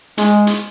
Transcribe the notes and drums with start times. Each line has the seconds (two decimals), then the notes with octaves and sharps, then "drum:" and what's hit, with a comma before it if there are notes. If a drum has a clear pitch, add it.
0.18 G#3, drum: hi-hat
0.47 drum: hi-hat